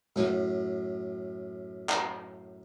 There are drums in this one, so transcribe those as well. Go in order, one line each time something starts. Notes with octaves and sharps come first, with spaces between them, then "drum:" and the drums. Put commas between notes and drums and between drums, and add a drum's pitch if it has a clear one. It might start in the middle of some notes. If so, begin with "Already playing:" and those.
F#2 A2, drum: snare
drum: clap